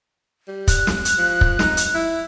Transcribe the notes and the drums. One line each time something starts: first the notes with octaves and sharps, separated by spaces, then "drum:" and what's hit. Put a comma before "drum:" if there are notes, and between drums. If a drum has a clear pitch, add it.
G3
F#6, drum: kick, hi-hat
drum: snare
drum: hi-hat
F3
drum: kick
D#4, drum: snare
drum: hi-hat
E4